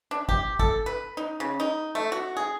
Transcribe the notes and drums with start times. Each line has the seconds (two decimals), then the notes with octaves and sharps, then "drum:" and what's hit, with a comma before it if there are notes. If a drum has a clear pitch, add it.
0.11 D4
0.29 G4, drum: kick
0.59 A4, drum: kick
0.86 B4
1.17 D#4
1.40 C#3
1.60 D#4
1.95 A3
2.12 F#4
2.37 G#4